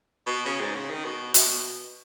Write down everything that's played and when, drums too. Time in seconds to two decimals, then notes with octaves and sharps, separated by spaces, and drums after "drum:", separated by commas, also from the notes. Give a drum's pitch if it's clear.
0.27 B2
0.46 C#3
0.61 G#2
0.75 C#3
0.90 D#3
1.05 B2
1.34 B2, drum: hi-hat